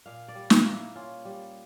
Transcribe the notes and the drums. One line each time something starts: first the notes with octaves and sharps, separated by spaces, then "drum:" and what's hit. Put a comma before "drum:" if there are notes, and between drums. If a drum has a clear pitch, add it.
A#2 F5
D5
G3
E4, drum: snare
A#3
E4
C#4 F4
G3